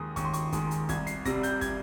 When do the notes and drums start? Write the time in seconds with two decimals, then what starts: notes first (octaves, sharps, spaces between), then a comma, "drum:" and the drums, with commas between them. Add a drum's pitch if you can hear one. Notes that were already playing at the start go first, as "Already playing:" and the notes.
Already playing: D#2 D#3 G#3 D#6
0.16 D#2 C#6, drum: kick, hi-hat
0.25 C6
0.33 C#6, drum: hi-hat
0.52 D#3 G#3, drum: kick, hi-hat
0.71 drum: hi-hat
0.89 C2 G#6, drum: kick, hi-hat
1.07 C7, drum: hi-hat
1.25 C3 G3 A#6, drum: kick, hi-hat
1.43 G6, drum: hi-hat
1.61 G#6, drum: kick, hi-hat